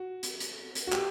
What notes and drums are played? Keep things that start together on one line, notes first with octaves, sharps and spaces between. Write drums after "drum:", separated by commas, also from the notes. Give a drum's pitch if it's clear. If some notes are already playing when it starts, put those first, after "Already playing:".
Already playing: F#4
drum: hi-hat
drum: hi-hat
drum: hi-hat
F#4
G4, drum: clap